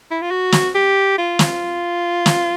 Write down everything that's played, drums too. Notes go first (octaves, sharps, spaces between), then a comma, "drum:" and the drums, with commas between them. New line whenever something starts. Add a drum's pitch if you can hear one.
E4
F4
F#4
drum: snare
G4
F4
drum: snare
drum: snare